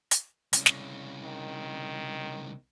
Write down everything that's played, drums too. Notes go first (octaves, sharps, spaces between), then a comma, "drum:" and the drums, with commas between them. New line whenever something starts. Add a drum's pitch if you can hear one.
drum: hi-hat
C2 C#3, drum: hi-hat
drum: snare
D#3